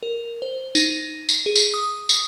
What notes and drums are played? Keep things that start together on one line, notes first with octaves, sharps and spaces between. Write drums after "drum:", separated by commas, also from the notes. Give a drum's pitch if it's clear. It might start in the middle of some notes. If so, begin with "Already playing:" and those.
A#4
C5
D#4, drum: tambourine
drum: tambourine
G#4
drum: tambourine
D#6
drum: tambourine